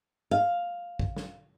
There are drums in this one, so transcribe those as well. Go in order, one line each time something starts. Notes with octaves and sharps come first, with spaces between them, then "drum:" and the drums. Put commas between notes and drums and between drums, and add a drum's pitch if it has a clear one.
F5
drum: kick
drum: snare